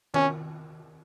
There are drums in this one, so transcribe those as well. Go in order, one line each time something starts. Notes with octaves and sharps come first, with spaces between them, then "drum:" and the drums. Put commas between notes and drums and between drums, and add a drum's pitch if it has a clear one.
C#4, drum: tom D#3